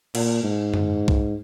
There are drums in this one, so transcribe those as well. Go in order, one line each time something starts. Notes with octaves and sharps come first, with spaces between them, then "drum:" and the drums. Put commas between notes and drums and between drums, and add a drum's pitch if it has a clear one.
A#2, drum: cymbal
G#2
drum: tom F#2
drum: kick B1